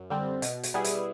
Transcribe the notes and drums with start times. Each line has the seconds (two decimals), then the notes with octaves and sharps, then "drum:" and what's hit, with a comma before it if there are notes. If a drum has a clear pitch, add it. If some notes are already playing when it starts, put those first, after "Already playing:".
Already playing: F#2
0.10 D3 G3 C4
0.42 B2, drum: hi-hat
0.63 drum: hi-hat
0.74 G3 B3 E4 G#4
0.84 drum: hi-hat